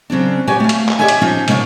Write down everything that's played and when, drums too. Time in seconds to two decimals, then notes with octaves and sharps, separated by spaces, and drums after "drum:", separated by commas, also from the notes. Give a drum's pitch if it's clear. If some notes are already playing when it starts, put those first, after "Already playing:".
0.10 C#3 F#3 C4 D4
0.47 F#4 G4 B4 C#5 G#5
0.60 A3 F5
0.69 drum: hi-hat
0.89 drum: clap
0.99 G4 A4 C#5 D#5 E5 G#5
1.08 drum: hi-hat
1.21 F3 C#4 D#4 F4
1.48 C3 A#3 C#5 D#5 F5, drum: hi-hat